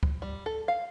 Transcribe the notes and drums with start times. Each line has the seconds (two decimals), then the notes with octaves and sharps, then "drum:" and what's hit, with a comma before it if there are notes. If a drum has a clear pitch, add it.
0.03 drum: kick
0.22 G3
0.46 A4
0.68 F5